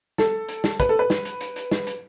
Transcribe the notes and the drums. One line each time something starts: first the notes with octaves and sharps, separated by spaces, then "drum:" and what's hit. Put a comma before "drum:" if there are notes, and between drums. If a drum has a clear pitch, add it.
A4, drum: snare
drum: hi-hat
drum: snare
B4, drum: kick, hi-hat
A4
B4
drum: snare
drum: hi-hat
drum: hi-hat
drum: hi-hat
drum: snare
drum: hi-hat